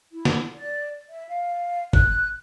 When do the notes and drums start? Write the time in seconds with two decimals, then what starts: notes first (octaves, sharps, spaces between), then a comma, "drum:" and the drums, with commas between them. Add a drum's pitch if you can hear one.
0.12 E4
0.25 drum: snare
0.54 D5
1.10 E5
1.29 F5
1.93 F#6, drum: kick